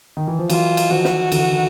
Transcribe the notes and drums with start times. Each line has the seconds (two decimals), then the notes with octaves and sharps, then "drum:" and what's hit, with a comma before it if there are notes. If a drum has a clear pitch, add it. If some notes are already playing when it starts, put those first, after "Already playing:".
0.17 D#3
0.28 E3
0.39 F3
0.50 E3 F#3 F4, drum: cymbal
0.77 drum: cymbal
0.90 D#3 F3 F#4
1.05 drum: snare
1.32 D3 E3, drum: cymbal
1.52 D#3